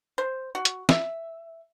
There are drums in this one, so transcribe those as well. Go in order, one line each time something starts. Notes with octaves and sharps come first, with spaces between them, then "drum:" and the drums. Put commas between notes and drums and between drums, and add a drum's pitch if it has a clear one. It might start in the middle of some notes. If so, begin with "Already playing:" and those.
C5
F#4
drum: hi-hat
E5, drum: snare